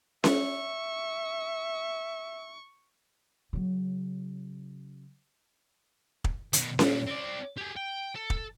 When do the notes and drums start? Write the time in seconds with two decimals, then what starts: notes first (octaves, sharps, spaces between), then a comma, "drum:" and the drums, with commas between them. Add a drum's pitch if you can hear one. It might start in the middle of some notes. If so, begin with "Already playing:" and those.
0.24 E5 C#6, drum: snare C#4
3.53 C#3 F#3
6.24 drum: kick
6.53 B2 D#3, drum: hi-hat
6.79 A#2 G3, drum: snare C#4
7.07 C4 D5
7.57 G4 G#4
7.76 G5
8.15 A4
8.30 drum: kick